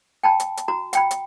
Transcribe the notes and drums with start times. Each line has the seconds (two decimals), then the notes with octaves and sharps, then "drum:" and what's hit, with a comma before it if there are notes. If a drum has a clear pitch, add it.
0.23 G5 A5 B5
0.40 drum: hi-hat
0.57 drum: hi-hat
0.68 F#4 A#5
0.93 F#5 G5 B5, drum: hi-hat
1.11 drum: hi-hat